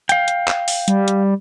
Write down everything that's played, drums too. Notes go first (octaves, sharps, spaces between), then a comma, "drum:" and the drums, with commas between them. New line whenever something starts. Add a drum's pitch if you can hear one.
F5 G5, drum: hi-hat
drum: hi-hat
drum: clap
drum: open hi-hat
G3, drum: hi-hat
drum: hi-hat